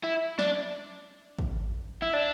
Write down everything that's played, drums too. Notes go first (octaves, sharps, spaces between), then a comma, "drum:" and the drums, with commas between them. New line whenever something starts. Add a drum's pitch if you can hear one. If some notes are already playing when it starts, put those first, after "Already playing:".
E4
D4, drum: snare
drum: kick
E4
D4